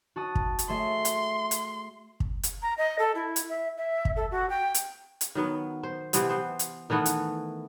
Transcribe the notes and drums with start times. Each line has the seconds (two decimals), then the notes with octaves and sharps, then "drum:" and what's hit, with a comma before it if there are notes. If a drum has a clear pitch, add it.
0.16 F#4 A5 D#6
0.35 drum: kick
0.59 drum: hi-hat
0.70 A3 G#4 E5 C6
1.05 drum: hi-hat
1.51 drum: hi-hat
2.20 drum: kick
2.43 drum: hi-hat
2.62 A#5
2.78 D#5
2.99 A4
3.15 E4
3.36 drum: hi-hat
3.49 E5
3.77 E5
4.05 drum: kick
4.16 A4
4.31 F#4
4.50 G5
4.74 drum: hi-hat
5.21 drum: hi-hat
5.35 D#3 F#3 B3
5.83 C5
6.13 C3 E3 B3 C4, drum: hi-hat
6.30 B3 C5
6.59 drum: hi-hat
6.90 D#3 E3 A3 B3
7.06 drum: hi-hat